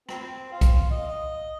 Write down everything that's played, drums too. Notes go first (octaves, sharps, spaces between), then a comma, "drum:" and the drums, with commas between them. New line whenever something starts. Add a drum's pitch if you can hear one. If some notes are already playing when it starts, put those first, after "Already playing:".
C4, drum: rim click
F4
drum: kick B1, hi-hat
D#5
D#5